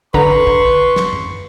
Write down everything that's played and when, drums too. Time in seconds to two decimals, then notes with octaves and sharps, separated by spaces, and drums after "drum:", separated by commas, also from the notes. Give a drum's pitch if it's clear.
0.14 D3 B4 A#5 C6 C#6, drum: kick
0.31 drum: tom F#2
0.47 drum: kick
0.96 drum: snare
1.13 drum: tom F#2